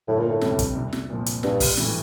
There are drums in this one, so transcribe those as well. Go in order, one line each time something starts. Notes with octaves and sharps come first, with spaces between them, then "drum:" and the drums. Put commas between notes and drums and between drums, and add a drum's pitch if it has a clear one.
G1 A2
A#2
A2
F2 C3 G3, drum: snare
drum: kick, hi-hat
C2
drum: snare
A#2 F3
drum: hi-hat
A#1 G2, drum: snare
drum: kick, open hi-hat
A2 E3 G3, drum: snare